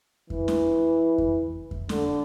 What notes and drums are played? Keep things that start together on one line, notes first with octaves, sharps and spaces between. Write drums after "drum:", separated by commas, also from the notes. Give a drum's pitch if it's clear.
E3, drum: kick F2
drum: snare
drum: kick F2
drum: kick F2
D3, drum: snare